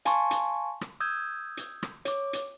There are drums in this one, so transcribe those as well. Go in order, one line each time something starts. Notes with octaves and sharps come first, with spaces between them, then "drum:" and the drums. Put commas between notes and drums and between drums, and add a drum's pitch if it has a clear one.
F5 G#5 A5 C6 C#6, drum: hi-hat
drum: hi-hat
drum: rim click
D#6 E6 G6 G#6
drum: hi-hat
drum: rim click
C#5 D6, drum: hi-hat
drum: hi-hat